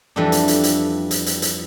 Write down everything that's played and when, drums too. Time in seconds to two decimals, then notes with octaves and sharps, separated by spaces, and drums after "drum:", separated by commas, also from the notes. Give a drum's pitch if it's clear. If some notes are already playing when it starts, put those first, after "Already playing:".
0.16 F2 E3 G3 D4 A4
0.32 drum: hi-hat
0.48 drum: hi-hat
0.63 drum: hi-hat
1.11 drum: hi-hat
1.26 drum: hi-hat
1.42 drum: hi-hat